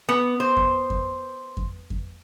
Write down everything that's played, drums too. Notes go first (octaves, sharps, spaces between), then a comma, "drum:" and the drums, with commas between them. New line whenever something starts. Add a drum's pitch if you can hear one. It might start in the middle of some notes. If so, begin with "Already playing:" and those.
B3
C5
drum: kick F2
drum: kick F2
drum: kick F2
drum: kick F2